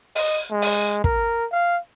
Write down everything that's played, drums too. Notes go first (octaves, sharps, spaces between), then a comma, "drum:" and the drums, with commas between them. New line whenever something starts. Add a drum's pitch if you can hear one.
D#5, drum: open hi-hat
G#3
drum: open hi-hat
A#4, drum: kick
F5